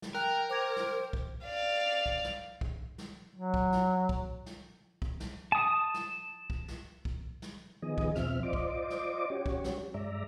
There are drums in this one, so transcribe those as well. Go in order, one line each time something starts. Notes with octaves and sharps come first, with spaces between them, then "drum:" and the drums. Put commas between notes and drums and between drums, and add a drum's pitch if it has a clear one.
drum: snare
A#4 G5 F#6
C5 G5 D6 G#6
drum: snare
drum: kick
D5 F5
drum: kick
drum: snare
drum: kick
drum: snare
F#3
drum: kick
drum: snare
drum: kick
drum: snare
drum: kick
drum: snare
A5 D#6
drum: snare
drum: kick
drum: snare
drum: kick
drum: snare
D#3 F3 B3 G#4 D#5
drum: kick
E2 B2 F3 C4 E5 F6, drum: snare
F4 C5 D5 D#5 D6
drum: kick
drum: snare
C#4 F#4 G4 C#5
drum: kick
drum: snare
G2 G#3 D5 E5 A#5